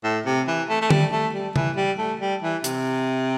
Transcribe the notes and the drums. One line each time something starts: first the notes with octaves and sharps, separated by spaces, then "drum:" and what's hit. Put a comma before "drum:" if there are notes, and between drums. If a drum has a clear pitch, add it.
A2
C3
E3
A3
A3
G3, drum: tom
A3
G3
E3, drum: tom C#3
G3
A3
G3
E3
C3, drum: hi-hat